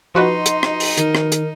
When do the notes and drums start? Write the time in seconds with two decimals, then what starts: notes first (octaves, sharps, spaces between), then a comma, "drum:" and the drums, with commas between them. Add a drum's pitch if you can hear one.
0.15 F3 D#4 F#4 B4 D#5 C6
0.46 drum: hi-hat
0.63 drum: rim click
0.80 drum: open hi-hat
0.97 D#3 A#4, drum: hi-hat
1.15 drum: rim click
1.32 drum: hi-hat